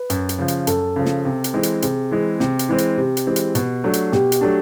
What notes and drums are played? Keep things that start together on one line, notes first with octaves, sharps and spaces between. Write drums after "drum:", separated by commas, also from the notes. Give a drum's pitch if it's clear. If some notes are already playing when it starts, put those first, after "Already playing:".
Already playing: B4
F#2, drum: hi-hat
drum: hi-hat
C#3 F3
drum: hi-hat
F#2 A4, drum: hi-hat
C#3 F3
drum: snare
C3
drum: hi-hat
E3 G#3 C4
drum: hi-hat
C3 G#4, drum: hi-hat
E3 G#3 C4
C3, drum: snare
drum: hi-hat
E3 G#3 C4
drum: hi-hat
C3 G4
drum: hi-hat
E3 G#3 C4
drum: hi-hat
B2, drum: hi-hat
F#3 A3 D4
drum: hi-hat
B2 G4, drum: snare
drum: hi-hat
F#3 A3 D4